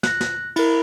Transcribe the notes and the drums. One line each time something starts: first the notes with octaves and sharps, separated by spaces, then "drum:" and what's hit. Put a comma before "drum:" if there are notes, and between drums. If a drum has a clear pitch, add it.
F#6 A#6, drum: snare
drum: snare
E4 A#4, drum: cymbal